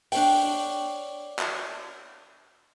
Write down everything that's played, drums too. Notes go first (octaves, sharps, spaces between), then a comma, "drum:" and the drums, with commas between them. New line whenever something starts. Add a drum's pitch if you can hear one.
D4 C#5 G5, drum: open hi-hat
drum: clap